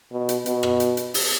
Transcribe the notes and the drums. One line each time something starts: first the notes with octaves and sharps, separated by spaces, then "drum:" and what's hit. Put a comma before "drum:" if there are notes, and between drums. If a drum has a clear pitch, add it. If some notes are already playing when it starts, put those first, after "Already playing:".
B2
drum: hi-hat
B2, drum: hi-hat
drum: rim click
drum: hi-hat
drum: hi-hat
drum: open hi-hat